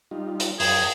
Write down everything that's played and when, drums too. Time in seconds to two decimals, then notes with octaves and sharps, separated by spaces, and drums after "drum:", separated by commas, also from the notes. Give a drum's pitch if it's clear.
0.11 G3 D#4 F4
0.40 drum: hi-hat
0.60 F#2 G#4, drum: open hi-hat